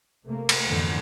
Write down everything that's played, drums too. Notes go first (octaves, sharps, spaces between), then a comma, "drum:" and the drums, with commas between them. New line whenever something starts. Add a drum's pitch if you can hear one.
C3 A3 A#3
drum: cymbal
F2 G#2 B2 D3 E3